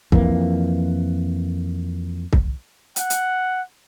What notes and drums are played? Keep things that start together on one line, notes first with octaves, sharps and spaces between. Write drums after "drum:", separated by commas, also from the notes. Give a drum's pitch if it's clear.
F2 E3 A#3, drum: kick C2
drum: kick C2
F#5, drum: hi-hat
drum: hi-hat